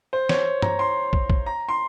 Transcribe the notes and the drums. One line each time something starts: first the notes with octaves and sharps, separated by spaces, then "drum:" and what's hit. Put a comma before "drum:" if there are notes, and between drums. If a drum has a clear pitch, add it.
C5
C#5, drum: snare
A#5, drum: tom
C6
drum: kick
drum: kick
A#5
C6